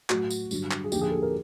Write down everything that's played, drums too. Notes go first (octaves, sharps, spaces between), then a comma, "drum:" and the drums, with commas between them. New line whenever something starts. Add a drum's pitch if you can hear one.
A2 F#3 F#4, drum: clap
drum: tambourine
G2 D3 F#3, drum: tambourine
drum: clap
G#4
D#2 D3 F3 G4, drum: tambourine
G#4
A4
A#4